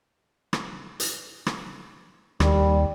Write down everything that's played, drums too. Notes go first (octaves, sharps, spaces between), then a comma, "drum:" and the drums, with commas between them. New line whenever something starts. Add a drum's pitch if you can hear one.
drum: rim click
drum: hi-hat
drum: rim click
D#2 G3, drum: rim click